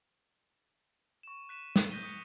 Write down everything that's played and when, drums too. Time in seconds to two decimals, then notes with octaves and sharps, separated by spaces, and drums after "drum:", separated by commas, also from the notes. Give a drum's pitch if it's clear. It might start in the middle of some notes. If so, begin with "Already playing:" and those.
1.23 C#6 E7
1.49 F#6 B6 D#7 E7
1.76 drum: snare
1.91 D#6 G6 A#6 B6 D#7 G7
2.03 D#6 A#6 B6 C#7 D#7